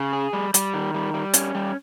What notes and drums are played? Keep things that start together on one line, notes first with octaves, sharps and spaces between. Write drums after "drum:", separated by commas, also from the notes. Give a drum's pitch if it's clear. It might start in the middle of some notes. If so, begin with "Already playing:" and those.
Already playing: C#3
G#4
G3
G3, drum: hi-hat
D#3
G3
G3
C#4, drum: hi-hat
G3